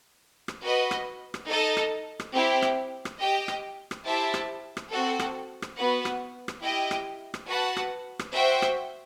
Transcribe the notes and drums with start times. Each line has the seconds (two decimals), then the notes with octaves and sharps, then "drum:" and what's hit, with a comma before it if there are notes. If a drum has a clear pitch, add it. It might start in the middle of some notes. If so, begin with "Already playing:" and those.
0.48 drum: rim click
0.62 F#4 B4 D#5
0.91 drum: rim click
1.34 drum: rim click
1.48 D#4 A4 D#5 A5
1.77 drum: rim click
2.20 drum: rim click
2.34 C4 E4 G4
2.62 drum: rim click
3.05 drum: rim click
3.19 G4 D#5 G5
3.48 drum: rim click
3.91 drum: rim click
4.05 E4 G4 C5 E5 A5
4.34 drum: rim click
4.77 drum: rim click
4.91 C4 F#4 A4
5.19 drum: rim click
5.62 drum: rim click
5.76 B3 F#4 B4 F#5
6.05 drum: rim click
6.48 drum: rim click
6.62 E4 G4 D#5 G5
6.91 drum: rim click
7.34 drum: rim click
7.48 F#4 B4 F#5 A5
7.77 drum: rim click
8.19 drum: rim click
8.34 F#4 C5 E5 G5
8.62 drum: rim click